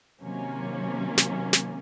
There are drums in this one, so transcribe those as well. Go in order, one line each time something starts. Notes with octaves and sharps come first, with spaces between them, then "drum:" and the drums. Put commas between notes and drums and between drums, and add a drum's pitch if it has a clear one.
C3 D#3 F#3 A#3 C#4
drum: snare
drum: snare